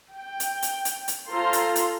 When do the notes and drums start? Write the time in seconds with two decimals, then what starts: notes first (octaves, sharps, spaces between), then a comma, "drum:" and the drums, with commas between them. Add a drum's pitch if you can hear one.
0.14 G5
0.40 drum: hi-hat
0.62 drum: hi-hat
0.85 drum: hi-hat
1.08 drum: hi-hat
1.30 F4 A4 C5 A#5 C6
1.53 drum: hi-hat
1.76 drum: hi-hat